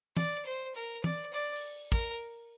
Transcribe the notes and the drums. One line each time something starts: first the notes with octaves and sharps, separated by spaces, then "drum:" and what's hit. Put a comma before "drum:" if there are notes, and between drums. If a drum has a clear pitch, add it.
D5, drum: tom
C5
A#4
D5, drum: tom
D5
drum: open hi-hat
A#4, drum: kick